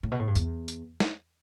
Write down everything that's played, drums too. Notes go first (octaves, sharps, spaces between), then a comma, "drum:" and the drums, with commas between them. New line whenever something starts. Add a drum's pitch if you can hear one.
A2
B2
A2
G2
E2, drum: tambourine
drum: tambourine
drum: snare